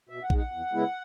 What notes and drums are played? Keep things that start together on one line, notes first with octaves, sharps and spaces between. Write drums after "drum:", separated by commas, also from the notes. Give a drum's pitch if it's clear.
B2 E5
F#5
G#3 D#4, drum: kick A#1
F#5
E2
C#3 G#3 B3 E4